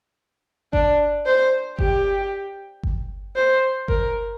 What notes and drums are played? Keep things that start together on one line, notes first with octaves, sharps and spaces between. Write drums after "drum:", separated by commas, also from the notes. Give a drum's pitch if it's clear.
D4, drum: kick G1
C5
G4, drum: kick G1
drum: kick G1
C5
A#4, drum: kick G1